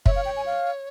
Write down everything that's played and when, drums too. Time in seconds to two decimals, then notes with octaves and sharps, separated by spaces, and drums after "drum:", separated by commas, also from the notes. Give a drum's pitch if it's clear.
0.06 C#5 E5, drum: kick
0.16 F5
0.26 G5
0.36 G#5
0.46 F5